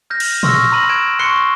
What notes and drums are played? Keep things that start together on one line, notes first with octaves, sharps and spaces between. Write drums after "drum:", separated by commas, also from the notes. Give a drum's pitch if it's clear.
F6 G6 A#6
drum: cymbal
C6 C#6 E6 F6 A#6, drum: tom A#2
A#5 B5 A#6 D#7 F#7
F#6 G#6 D7 E7
C6 C#6 F#6 C7 C#7 G7